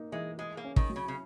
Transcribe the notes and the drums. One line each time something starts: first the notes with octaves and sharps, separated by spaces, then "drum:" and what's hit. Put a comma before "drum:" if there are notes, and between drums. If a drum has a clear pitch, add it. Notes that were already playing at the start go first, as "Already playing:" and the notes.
Already playing: A#3 D#4
E3 G#3
G#3 G#4
A#3
C#4
D#3, drum: kick
F#3
C#3
C#3